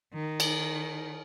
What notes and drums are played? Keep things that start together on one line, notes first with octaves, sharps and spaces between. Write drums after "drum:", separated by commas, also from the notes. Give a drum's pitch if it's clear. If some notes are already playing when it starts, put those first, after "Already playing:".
D#3
drum: cymbal